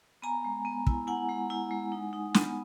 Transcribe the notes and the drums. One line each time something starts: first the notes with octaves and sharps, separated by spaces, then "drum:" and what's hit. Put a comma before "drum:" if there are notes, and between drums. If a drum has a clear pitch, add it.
B3 G#5 A#5
G#3
B3
E4, drum: kick
E4 F#5 G#5
G#3
E4
G#3
D#4
D#4
B3, drum: snare